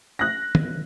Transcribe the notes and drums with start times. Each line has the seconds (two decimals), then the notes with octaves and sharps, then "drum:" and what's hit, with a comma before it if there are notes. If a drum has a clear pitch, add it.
0.19 F#6 A#6
0.55 drum: tom